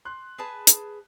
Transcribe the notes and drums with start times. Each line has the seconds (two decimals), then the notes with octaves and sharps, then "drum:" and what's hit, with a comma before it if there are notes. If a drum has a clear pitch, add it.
0.05 C6 F#6
0.38 G#4 B4 A5
0.67 drum: hi-hat